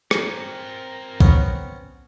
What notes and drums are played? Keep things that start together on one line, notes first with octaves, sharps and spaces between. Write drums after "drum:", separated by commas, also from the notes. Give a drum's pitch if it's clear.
C4 A#4 G#5, drum: rim click
B3 C#4 C#5, drum: kick A#1